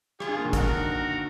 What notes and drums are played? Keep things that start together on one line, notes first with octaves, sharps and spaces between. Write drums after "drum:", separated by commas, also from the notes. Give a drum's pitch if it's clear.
F4 G#4, drum: rim click
D4
A#3
D#3
D3 F#4 A#4, drum: kick, hi-hat